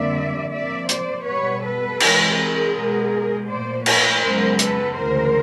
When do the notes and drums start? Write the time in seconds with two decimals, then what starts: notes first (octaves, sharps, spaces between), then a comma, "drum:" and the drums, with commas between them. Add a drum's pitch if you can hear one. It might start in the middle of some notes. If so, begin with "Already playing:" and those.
Already playing: F2 D3 G3 A#3 D5 E5
0.52 C3 F3 A#3 D5 E5
0.89 C5 D5, drum: hi-hat
1.26 B2 G3 B3 B4 C#5
1.63 A4 B4
2.00 C3 E3 G#3, drum: cymbal
2.37 G#4 A#4
2.74 B2 G#3 B3
3.48 A#2 F3 A3 C5 D5
3.86 B4 C#5, drum: cymbal
4.22 F#2 C#3 F3 G#3 B3 A#4 C5
4.59 A4 B4, drum: hi-hat
4.96 D2 C#3 E3 A#4 C5